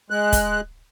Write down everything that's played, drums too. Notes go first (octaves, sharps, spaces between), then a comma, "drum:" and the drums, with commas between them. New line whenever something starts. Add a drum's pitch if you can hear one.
G#3 F#6
drum: kick, hi-hat